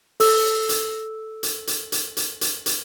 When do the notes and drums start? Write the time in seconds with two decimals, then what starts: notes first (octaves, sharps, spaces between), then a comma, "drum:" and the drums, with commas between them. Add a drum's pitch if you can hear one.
0.20 A4 E6, drum: open hi-hat
0.69 drum: hi-hat
1.43 drum: hi-hat
1.67 drum: hi-hat
1.92 drum: hi-hat
2.17 drum: hi-hat
2.41 drum: hi-hat
2.66 drum: hi-hat